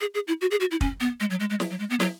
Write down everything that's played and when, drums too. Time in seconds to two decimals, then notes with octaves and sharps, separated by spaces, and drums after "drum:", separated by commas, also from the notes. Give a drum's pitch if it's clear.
0.01 G#4
0.14 G#4
0.28 E4
0.41 F#4
0.51 G#4
0.60 F#4
0.71 E4
0.81 C#4, drum: kick
1.00 B3
1.20 G#3
1.30 F#3
1.40 G#3
1.50 G#3
1.60 F#3, drum: snare
1.70 F#3
1.79 G#3
1.90 B3
2.00 F#3, drum: snare